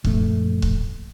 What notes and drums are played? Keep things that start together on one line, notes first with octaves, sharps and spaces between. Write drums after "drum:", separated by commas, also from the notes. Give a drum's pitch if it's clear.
A#1 F#2 A3, drum: kick C#1
drum: kick C#1